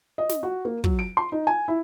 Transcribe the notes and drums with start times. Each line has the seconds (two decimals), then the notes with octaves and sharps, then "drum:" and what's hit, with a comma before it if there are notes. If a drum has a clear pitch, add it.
0.18 D#5
0.29 drum: snare
0.43 F#4
0.65 A#3
0.84 F#3, drum: kick
0.99 D7
1.17 C6
1.32 D#4
1.47 G#5
1.68 E4